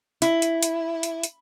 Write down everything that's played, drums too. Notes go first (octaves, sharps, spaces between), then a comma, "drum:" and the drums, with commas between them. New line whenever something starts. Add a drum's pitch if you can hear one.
E4, drum: hi-hat
drum: hi-hat
drum: hi-hat
drum: hi-hat
drum: hi-hat